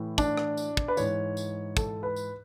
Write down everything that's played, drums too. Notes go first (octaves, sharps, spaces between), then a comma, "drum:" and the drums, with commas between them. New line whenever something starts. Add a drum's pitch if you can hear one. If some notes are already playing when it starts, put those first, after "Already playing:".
Already playing: A2 E3
D4, drum: kick, tambourine
drum: rim click
drum: tambourine
drum: kick
B4
G#2 E3 C#5, drum: tambourine
drum: tambourine
A4, drum: kick, tambourine
B4
drum: tambourine